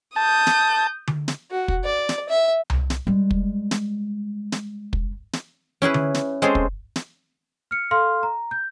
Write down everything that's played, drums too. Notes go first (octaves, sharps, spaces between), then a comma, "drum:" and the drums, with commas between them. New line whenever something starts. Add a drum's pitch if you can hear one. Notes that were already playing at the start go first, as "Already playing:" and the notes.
A5 D#6 G6
drum: snare
drum: tom D3
drum: snare
F#4
drum: kick
D5
drum: snare
E5
drum: tom C2
drum: snare
G3 G#3
drum: kick
drum: snare
drum: snare
drum: kick
drum: snare
C#4 E4 G#4 B4
drum: tom D3
drum: snare
G#3 C4 C#4 G#4 A4 C5
drum: kick
drum: snare
F6 C#7
A4 F5 C6 F6
A#5
G6